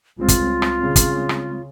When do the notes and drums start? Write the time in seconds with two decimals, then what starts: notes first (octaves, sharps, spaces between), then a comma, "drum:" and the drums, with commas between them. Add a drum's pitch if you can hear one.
0.18 C#2 G3 G#3 C4 F4
0.28 drum: kick, hi-hat
0.62 drum: rim click
0.79 C#3
0.96 drum: kick, hi-hat
1.29 drum: rim click